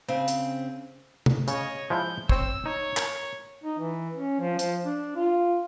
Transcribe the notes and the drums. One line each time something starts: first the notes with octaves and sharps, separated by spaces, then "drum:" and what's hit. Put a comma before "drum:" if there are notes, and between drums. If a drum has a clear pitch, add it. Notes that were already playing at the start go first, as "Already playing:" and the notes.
C#3 C4 G#4
drum: hi-hat
drum: tom
C#3 C#5 D#5, drum: hi-hat
F3 G#3 E4 G6
C4 C5 C#5 E6, drum: kick
D#4 C#5
A#4, drum: clap
D#4
E3
C#4
F3
F3, drum: hi-hat
D4
F4